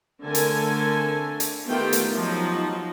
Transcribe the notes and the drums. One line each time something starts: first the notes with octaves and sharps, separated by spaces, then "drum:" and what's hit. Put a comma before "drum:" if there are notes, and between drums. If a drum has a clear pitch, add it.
D3 A3 C4 A4 A#4 G#5
drum: hi-hat
drum: hi-hat
D#3 A3 B3 F4 G4 G5
drum: hi-hat
F3 F#3 D#4